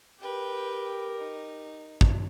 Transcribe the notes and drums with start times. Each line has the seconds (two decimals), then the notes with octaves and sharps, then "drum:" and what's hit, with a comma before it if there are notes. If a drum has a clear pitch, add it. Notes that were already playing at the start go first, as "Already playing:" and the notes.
0.21 G4 A#4 B4 G5
1.18 D#4
2.01 drum: kick